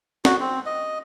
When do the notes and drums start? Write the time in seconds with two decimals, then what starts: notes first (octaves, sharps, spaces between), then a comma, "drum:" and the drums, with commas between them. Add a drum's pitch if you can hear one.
0.25 F#4, drum: snare
0.40 C4
0.66 D#5